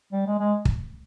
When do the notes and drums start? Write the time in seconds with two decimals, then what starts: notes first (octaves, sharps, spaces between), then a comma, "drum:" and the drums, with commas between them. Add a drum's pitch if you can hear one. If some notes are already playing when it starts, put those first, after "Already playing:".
0.12 G3
0.26 G#3
0.39 G#3
0.65 drum: kick